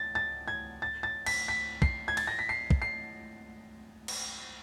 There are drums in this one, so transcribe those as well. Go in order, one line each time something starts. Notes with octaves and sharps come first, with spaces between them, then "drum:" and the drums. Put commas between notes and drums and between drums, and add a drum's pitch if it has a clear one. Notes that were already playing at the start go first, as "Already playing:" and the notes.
Already playing: A6
A6
G#6
A6
A6
B6, drum: cymbal
B6
C7, drum: kick
G#6
A6, drum: cymbal
A#6
B6
C7
drum: kick
C7
drum: cymbal